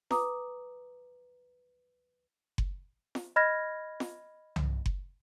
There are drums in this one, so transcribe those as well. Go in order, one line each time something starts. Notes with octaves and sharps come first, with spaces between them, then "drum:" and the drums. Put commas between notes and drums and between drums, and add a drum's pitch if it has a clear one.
B4 A#5 D6 D#6, drum: snare F4
drum: kick F#1
drum: snare F4
D#5 B5 F6 G#6 A#6
drum: snare F4
drum: tom C2
drum: kick F#1